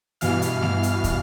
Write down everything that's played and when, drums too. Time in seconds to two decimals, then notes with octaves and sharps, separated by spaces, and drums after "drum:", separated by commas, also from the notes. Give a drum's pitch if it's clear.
0.21 G2 B2 E3 F5 F6, drum: hi-hat
0.42 drum: hi-hat
0.62 drum: snare A3
0.83 drum: hi-hat
1.04 drum: kick, hi-hat